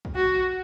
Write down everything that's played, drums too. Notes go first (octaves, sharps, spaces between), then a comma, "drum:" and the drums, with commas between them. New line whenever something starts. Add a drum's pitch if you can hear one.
drum: kick
F#4